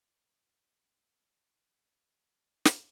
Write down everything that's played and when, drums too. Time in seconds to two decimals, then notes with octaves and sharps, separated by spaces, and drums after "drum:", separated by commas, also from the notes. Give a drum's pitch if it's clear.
0.08 A1 D2
2.65 drum: snare